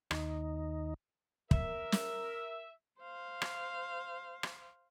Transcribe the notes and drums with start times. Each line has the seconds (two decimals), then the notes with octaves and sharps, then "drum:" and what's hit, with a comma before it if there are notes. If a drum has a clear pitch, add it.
0.11 D#2 D#4, drum: rim click
1.51 A#4 E5, drum: kick
1.92 drum: snare
3.00 C5 F5
3.42 drum: rim click
4.43 drum: rim click